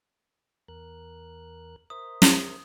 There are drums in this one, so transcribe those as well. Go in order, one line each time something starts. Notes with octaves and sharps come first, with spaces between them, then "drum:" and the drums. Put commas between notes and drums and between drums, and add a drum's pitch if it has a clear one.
E2 A#4 F#6
A#4 C5 E5 D#6
drum: snare